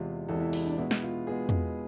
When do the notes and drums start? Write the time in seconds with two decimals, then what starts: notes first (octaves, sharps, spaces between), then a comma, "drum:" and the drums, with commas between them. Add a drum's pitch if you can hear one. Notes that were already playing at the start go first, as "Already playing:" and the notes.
Already playing: E2 C3 E3 G#3 F4
0.28 E2 C3 E3 G#3 A4
0.40 E4
0.53 E4, drum: open hi-hat
0.66 D4
0.78 B2 G#3 B3 E4
0.91 drum: snare
1.03 F4
1.27 B2 G#3 B3 G#4
1.49 drum: tom E2